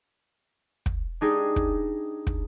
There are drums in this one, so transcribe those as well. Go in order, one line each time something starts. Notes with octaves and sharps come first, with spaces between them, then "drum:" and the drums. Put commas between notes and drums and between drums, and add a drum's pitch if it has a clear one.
drum: kick
G#3 D4 D#4 G4 G#4
drum: kick
drum: kick